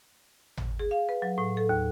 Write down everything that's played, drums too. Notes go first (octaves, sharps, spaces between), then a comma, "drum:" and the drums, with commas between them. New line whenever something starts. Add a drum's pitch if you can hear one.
drum: tom G#1
G#4
F5
B4
F#3
A2
A4
D#2